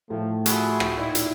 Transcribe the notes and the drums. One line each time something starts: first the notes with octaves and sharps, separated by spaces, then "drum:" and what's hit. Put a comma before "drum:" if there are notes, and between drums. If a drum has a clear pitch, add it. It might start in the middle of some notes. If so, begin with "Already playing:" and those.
A2 F3 A3
F3 E4 F#4 G#4, drum: hi-hat
drum: rim click
A#2 D#4 E4
drum: hi-hat